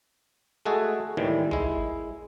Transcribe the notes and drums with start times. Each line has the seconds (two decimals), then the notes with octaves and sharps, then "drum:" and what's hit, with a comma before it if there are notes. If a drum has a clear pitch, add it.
0.65 G#3 A3 F#4 G#4 A4
1.17 D#2 A2 D#3 E3 G3
1.51 G#3 E4, drum: tom